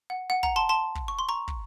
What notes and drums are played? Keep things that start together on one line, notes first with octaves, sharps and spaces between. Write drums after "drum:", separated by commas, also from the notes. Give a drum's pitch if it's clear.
F#5
F#5
F#5 A#5, drum: kick
A5 C6
A5 C6
drum: kick
C#6
C6
A#5 C#6
drum: kick